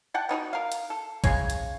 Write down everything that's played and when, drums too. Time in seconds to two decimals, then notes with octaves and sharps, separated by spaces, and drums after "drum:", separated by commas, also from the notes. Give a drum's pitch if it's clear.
0.14 D5 F#5 G5 A5
0.29 B3 D#4 E4 F#4
0.53 A#4 F5
0.72 drum: hi-hat
0.90 A4
1.24 C#3 F#3 G#3 C#5, drum: kick, hi-hat
1.50 drum: hi-hat